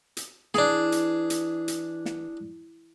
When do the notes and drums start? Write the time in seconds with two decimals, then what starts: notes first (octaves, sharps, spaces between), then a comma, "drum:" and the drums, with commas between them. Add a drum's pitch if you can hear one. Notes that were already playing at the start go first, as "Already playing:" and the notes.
0.17 drum: hi-hat
0.54 E3 D4 G#4, drum: snare
0.92 drum: hi-hat
1.30 drum: hi-hat
1.68 drum: hi-hat
2.06 drum: snare